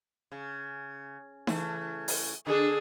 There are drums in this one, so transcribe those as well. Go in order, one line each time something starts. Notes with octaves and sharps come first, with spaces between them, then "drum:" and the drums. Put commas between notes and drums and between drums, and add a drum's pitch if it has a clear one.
C#3
C#3 E3 A3, drum: snare D#4
drum: open hi-hat
D3 D4 G#4 A4